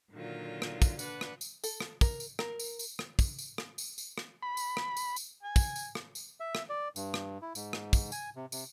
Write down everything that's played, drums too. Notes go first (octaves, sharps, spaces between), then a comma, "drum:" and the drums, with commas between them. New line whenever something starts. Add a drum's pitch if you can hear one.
A#2 D3 D#3 F#3 F4
drum: rim click
drum: kick, tambourine
D4 B4 F#5, drum: tambourine
drum: rim click
drum: tambourine
A4, drum: tambourine
drum: rim click
A#4, drum: kick, tambourine
drum: tambourine
A#4, drum: rim click
drum: tambourine
drum: tambourine
drum: rim click
drum: kick, tambourine
drum: tambourine
drum: rim click
drum: tambourine
drum: tambourine
drum: rim click
B5
drum: tambourine
drum: rim click
drum: tambourine
drum: tambourine
G#5
drum: kick, tambourine
drum: tambourine
drum: rim click
drum: tambourine
E5
drum: rim click
D5
G2, drum: tambourine
drum: rim click
E4
G#2, drum: tambourine
drum: rim click
drum: kick, tambourine
G#5, drum: tambourine
C3
C3, drum: tambourine